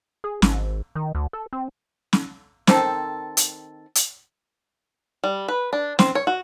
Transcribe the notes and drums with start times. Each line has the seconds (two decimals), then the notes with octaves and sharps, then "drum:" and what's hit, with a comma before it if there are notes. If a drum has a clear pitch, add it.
0.24 G#4
0.42 G#1, drum: snare
0.95 D#3
1.15 D2
1.33 A4
1.53 C4
2.13 drum: snare
2.67 D#3 C4 A4, drum: snare
3.37 drum: hi-hat
3.95 drum: hi-hat
5.24 G3
5.48 B4
5.73 D4
5.99 C4, drum: snare
6.15 C#5
6.27 F#4